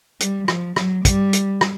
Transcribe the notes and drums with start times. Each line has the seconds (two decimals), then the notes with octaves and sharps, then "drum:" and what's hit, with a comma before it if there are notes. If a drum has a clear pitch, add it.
0.20 G3, drum: hi-hat
0.48 F3, drum: rim click
0.76 F#3, drum: rim click
1.05 G3, drum: kick, hi-hat
1.33 drum: hi-hat
1.61 drum: rim click